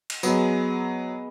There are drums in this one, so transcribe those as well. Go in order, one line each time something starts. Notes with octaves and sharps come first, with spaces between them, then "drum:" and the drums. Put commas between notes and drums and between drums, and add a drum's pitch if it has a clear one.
drum: cymbal
F#3 G#3 B3, drum: tambourine